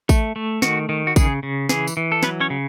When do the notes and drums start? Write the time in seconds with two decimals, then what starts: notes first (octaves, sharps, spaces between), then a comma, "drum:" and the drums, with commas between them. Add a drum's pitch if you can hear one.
0.09 A3, drum: kick A1, tambourine
0.36 A3
0.62 D#3 F#4, drum: snare
0.89 D#3
1.07 F#4
1.16 C#3 G#4, drum: kick A1, tambourine
1.43 C#3
1.69 E3 G#4, drum: snare
1.87 drum: tambourine
1.97 E3
2.12 A4
2.23 F#3 B3 B4, drum: snare
2.40 C#4 C#5
2.50 C#3